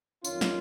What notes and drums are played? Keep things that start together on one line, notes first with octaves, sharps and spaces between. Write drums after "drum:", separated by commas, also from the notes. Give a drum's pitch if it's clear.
F2 D#3 F#3 C#4 F4, drum: tambourine
drum: snare